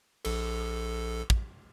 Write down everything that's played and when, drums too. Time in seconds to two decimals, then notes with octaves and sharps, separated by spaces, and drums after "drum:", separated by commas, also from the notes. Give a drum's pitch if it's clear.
0.25 A#1 A4, drum: cymbal
1.30 drum: kick